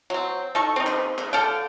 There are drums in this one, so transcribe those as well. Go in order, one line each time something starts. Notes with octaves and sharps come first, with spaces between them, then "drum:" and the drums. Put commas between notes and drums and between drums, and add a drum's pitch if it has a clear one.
F#3 C4
D#4 A4 C#6
C4 D#4
drum: clap
drum: clap
D3 A4 F5 G5